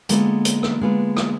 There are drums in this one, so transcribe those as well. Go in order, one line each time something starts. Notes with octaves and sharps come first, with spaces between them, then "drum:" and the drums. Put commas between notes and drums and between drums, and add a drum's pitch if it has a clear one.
D3 G#3 A#3 B3 F4 B4, drum: hi-hat
drum: hi-hat
drum: rim click
D3 G#3 B3 F4 B4
drum: rim click